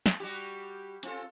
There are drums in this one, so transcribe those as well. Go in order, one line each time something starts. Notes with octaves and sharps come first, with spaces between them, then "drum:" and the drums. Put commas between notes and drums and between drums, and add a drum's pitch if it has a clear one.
drum: snare
G3 F#4 G4
C4 F4 A4, drum: hi-hat